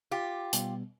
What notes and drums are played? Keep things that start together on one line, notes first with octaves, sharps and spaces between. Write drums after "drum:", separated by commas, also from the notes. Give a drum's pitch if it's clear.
F4 G4
B2 G3 B3, drum: hi-hat